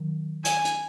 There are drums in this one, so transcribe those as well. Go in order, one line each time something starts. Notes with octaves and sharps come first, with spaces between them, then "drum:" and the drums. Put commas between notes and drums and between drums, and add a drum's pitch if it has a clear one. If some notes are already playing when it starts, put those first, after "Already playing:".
Already playing: D#3 F#3
G#5, drum: hi-hat
drum: hi-hat